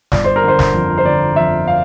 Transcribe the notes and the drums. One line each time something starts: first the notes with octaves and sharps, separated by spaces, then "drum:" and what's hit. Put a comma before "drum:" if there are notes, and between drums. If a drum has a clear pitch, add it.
G1 D5, drum: snare
C5
A#4
D3 C5
drum: snare
F2
C5
D3 D5
F2 E5
F5